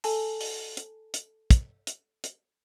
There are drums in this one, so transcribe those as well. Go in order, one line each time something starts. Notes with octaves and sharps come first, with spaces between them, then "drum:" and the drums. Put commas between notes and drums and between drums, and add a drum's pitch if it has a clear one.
A4 G#5 A5, drum: open hi-hat
drum: open hi-hat
drum: hi-hat
drum: hi-hat
drum: kick, hi-hat
drum: hi-hat
drum: hi-hat